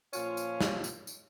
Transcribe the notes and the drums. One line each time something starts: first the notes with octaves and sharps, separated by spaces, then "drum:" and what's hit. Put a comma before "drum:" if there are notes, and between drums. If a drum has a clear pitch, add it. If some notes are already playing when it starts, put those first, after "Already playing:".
A#2 F3 C#4 F4, drum: tambourine
drum: tambourine
drum: snare
drum: tambourine
drum: tambourine